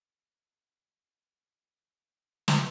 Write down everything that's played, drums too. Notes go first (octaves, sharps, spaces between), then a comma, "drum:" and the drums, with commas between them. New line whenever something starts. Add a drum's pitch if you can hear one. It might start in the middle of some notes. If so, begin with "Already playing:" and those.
F#5 A5
C5 B5
drum: snare